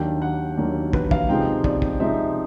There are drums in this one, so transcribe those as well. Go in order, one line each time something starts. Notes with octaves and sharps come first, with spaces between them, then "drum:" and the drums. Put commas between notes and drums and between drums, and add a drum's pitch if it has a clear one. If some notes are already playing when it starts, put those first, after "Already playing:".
Already playing: D#2 D#3 F#3 A#3 D4 G5
F#5
D#2 D#3 F#3 A#3 D4
B4, drum: kick
F5, drum: kick
C3 F3 G#3 C4 D#4 G5
D5, drum: kick
drum: kick
C3 F3 G#3 C4 D#4 E5